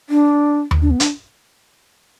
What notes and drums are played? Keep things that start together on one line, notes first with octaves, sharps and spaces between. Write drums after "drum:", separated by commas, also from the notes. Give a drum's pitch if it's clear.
D4
drum: tom D#2
D4
B3
D4, drum: hi-hat